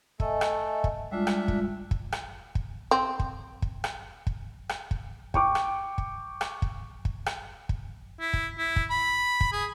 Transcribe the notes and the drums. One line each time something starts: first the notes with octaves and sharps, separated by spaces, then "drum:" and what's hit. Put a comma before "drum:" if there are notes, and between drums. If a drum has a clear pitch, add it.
A3 A4 D#5 E5 G#5, drum: kick
drum: rim click
drum: kick
G3 G#3 D4 F4 E5
drum: rim click
drum: kick
drum: kick
drum: rim click
drum: kick
C4
drum: kick
drum: kick
drum: rim click
drum: kick
drum: rim click
drum: kick
G5 C#6 D6, drum: kick
drum: rim click
drum: kick
drum: rim click
drum: kick
drum: kick
drum: rim click
drum: kick
E4
drum: kick
E4
drum: kick
B5
drum: kick
G#4